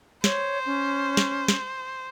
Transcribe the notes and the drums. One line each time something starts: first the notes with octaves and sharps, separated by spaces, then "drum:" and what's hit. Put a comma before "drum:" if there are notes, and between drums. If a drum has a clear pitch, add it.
C5 C#5, drum: snare
C#4
drum: snare
drum: snare